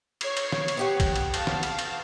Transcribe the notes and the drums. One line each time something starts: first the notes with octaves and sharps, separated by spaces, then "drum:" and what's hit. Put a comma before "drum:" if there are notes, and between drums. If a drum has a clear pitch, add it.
C#5 G#6 C7, drum: cymbal
drum: cymbal
drum: snare
drum: cymbal
B3 G4 F#5
drum: kick B1, cymbal
drum: cymbal
F5 A5, drum: cymbal
drum: snare
drum: cymbal
drum: cymbal